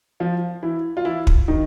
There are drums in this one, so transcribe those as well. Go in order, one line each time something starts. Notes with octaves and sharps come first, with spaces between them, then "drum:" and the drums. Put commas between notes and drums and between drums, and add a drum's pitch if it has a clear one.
F3 F4
E3 E4
F4
E3 E4
drum: kick
D#3 D#4